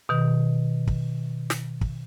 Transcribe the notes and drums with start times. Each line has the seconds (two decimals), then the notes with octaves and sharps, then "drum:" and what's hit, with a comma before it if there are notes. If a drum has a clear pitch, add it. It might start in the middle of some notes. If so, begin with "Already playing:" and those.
0.09 B2 D#3
0.87 drum: kick
1.50 drum: snare
1.81 drum: kick